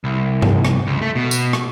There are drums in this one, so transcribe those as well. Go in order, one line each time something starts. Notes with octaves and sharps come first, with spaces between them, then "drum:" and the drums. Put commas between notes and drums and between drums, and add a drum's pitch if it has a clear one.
C2
drum: tom G2
drum: rim click
C#2
A3
B2
drum: tambourine
drum: rim click